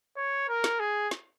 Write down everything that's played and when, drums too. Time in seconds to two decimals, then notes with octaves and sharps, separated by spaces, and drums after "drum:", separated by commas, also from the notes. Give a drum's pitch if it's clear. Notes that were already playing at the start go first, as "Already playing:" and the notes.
0.17 C#5
0.49 A#4
0.64 drum: snare
0.80 G#4
1.11 drum: snare